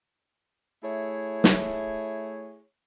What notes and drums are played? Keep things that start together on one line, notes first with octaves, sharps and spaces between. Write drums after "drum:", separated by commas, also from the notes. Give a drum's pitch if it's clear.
A3 E4 G#4 C#5
drum: snare